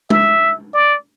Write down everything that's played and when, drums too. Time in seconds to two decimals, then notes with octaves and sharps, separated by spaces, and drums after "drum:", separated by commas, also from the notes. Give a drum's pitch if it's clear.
0.10 E5, drum: tom G#3
0.74 D5